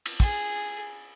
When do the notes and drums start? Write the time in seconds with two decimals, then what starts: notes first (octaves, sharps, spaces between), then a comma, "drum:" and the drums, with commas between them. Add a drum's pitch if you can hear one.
0.06 drum: cymbal
0.20 G#4, drum: kick